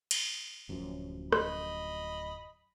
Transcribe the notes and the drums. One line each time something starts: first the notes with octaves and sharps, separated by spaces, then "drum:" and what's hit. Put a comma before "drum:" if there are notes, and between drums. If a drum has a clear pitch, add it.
drum: cymbal
D1 F#2 F3
D#5 B5, drum: rim click